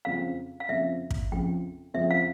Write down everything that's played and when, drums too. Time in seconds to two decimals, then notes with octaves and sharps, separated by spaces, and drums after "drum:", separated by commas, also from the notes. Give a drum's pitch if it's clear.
0.05 F2 C#3 F3 C4 F5
0.60 F5
0.69 F2 C#3 F3 C4 E5
1.10 drum: kick
1.32 F2 C#3 F3 C4 G5
1.94 F2 C#3 F3 C4 E5
2.11 F5